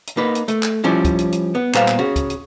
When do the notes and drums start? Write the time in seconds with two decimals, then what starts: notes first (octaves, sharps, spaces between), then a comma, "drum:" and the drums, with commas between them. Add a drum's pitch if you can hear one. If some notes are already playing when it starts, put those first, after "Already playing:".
0.07 drum: hi-hat
0.17 A#3 D#4 B4
0.35 drum: hi-hat
0.48 A3, drum: hi-hat
0.63 drum: clap
0.84 F3 G3 C#4 E4
1.05 drum: kick D2, hi-hat
1.18 drum: hi-hat
1.32 drum: hi-hat
1.55 B3
1.74 A#2 G3 B3 B4 C5 F5, drum: clap
1.88 drum: clap
1.99 C#3 F#4
2.16 drum: kick D2, hi-hat
2.30 drum: hi-hat